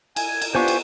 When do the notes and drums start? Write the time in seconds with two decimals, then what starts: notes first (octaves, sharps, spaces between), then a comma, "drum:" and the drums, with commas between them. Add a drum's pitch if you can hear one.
0.16 G#5, drum: cymbal
0.42 drum: cymbal
0.55 B3 D4 F4 G4 C5 G#5 C#6
0.68 drum: cymbal